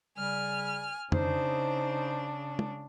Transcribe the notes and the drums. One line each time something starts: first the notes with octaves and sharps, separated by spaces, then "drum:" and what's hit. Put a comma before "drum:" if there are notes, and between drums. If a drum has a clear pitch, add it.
C#3 G3 G#5 F6
C#3 D4 D#4 C5, drum: tom F2
drum: tom